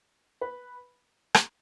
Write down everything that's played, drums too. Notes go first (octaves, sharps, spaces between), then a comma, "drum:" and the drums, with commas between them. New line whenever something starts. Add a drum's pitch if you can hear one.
B4 B5
drum: rim click